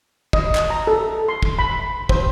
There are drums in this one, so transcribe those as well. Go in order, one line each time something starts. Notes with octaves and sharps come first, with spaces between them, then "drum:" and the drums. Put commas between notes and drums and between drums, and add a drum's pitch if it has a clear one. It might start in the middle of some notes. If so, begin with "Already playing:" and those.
D#5, drum: kick
drum: clap
A#5
A4
C6
drum: kick
B5
C5, drum: kick